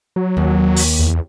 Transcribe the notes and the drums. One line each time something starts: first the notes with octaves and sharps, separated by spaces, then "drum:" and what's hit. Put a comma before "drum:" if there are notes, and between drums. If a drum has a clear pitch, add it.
F#3
D#2
drum: open hi-hat
E2